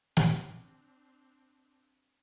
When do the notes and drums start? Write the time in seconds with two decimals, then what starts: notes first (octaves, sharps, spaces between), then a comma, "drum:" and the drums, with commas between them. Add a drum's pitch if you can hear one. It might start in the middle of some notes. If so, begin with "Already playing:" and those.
0.17 C4 D4, drum: snare